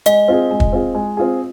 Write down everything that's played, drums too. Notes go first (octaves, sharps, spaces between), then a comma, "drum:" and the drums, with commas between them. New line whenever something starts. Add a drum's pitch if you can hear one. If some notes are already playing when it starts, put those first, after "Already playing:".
G#3 D#5, drum: hi-hat
C4 F4 G#4
G#3
drum: kick
C4 F4 G#4
G#3
C4 F4 G#4